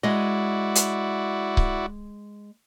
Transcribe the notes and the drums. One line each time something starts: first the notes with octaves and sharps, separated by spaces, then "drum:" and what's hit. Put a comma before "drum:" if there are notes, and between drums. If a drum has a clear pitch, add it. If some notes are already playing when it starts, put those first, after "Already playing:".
G#3 E4 F#4 D5 D#5
drum: hi-hat
drum: kick C#1